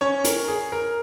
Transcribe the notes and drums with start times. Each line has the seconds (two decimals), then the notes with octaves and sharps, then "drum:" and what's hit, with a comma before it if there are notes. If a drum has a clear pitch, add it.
0.01 C#4 C#5
0.24 A#4, drum: hi-hat
0.48 G#4
0.72 A#4